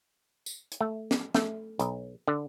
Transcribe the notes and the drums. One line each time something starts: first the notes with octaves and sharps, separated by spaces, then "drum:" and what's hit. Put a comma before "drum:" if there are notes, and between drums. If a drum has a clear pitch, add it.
drum: tambourine
drum: hi-hat
A3
drum: snare
A3, drum: snare
B1, drum: hi-hat
D3